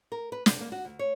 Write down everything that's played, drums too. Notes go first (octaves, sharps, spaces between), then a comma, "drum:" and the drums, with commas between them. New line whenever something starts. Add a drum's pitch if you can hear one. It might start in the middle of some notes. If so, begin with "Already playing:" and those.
A#4
B4
C3, drum: snare
A#3
F#4
D2
C#5